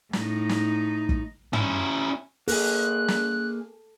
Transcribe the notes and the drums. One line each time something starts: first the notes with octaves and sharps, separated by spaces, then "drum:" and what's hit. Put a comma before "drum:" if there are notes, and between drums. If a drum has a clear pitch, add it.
A2 D#4, drum: snare
drum: snare
drum: kick
C#4 E4, drum: tom
A#3 G#4 A4 F#6, drum: open hi-hat
drum: snare